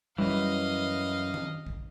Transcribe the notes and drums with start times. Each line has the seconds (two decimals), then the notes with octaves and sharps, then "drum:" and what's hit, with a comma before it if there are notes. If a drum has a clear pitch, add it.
0.18 F#2 E3 G3 D#5 F5
1.34 drum: tom D#3
1.66 drum: kick A#1